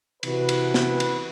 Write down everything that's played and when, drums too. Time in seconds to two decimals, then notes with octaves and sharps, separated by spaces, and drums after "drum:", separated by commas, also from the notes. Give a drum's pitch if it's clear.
0.23 C3 E3 F#4 B4, drum: cymbal
0.49 drum: cymbal
0.74 drum: snare
1.00 drum: cymbal